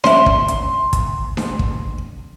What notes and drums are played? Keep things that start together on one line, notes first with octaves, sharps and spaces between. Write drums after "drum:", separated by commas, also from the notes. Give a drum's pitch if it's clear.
C#4 E4 C6, drum: snare D4
drum: kick
drum: hi-hat
drum: kick, hi-hat
drum: snare D4
drum: kick